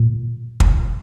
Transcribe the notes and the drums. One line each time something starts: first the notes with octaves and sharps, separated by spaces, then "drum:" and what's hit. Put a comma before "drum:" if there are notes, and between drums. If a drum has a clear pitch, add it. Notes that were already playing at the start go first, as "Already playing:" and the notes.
Already playing: A#2
drum: kick